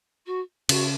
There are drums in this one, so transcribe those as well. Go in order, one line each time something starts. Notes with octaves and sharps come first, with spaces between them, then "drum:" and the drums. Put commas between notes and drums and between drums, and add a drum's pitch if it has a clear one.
F#4
C#3 F#4, drum: cymbal